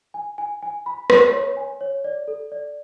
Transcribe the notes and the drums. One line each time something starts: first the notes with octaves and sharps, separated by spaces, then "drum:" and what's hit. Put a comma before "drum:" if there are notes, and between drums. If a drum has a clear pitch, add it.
G#5
G#5
G#5
B5
B5, drum: rim click
C#5
G#5
C#5
D5
A4
D5